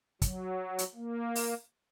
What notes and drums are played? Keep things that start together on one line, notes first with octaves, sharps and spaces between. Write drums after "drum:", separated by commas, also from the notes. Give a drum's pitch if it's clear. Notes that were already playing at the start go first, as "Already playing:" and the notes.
F#3, drum: kick, hi-hat
drum: hi-hat
A#3
drum: open hi-hat